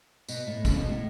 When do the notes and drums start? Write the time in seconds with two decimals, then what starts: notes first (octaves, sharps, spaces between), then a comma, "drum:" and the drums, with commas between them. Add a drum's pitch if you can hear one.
0.29 B2, drum: tambourine
0.47 A2
0.65 C#3, drum: kick, tambourine
0.77 B2
0.89 A2